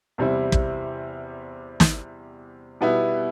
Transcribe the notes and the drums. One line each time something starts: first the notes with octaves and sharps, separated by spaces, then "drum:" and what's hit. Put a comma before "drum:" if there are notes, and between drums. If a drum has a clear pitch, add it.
E2 C3 G3 C4 E4
drum: kick
drum: snare
B2 G3 B3 E4